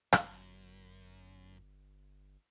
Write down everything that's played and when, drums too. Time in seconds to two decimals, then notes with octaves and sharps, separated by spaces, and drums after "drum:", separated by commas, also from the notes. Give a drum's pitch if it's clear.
0.12 G1 F#2, drum: rim click